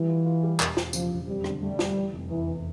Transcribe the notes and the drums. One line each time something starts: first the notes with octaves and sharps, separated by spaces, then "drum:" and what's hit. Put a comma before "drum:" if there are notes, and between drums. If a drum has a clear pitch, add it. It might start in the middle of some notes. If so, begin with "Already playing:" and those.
Already playing: E3 G3
F4
F4
G3
E1, drum: clap
E3, drum: snare
C#3 F3, drum: tambourine
E1
F2 G3
D3, drum: rim click
G3 A3
A3, drum: snare
E3
F1
E2 E3
E2